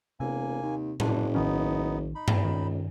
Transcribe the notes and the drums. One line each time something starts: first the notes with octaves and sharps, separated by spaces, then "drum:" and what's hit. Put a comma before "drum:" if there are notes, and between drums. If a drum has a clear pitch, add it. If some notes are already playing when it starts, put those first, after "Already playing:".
E1 C3 A#3 G#5
D#2
F#1 D4, drum: tom A2
A#1 D#3 B3 C#4 D#4
D#4 B5
drum: tom G2
C#2 D#3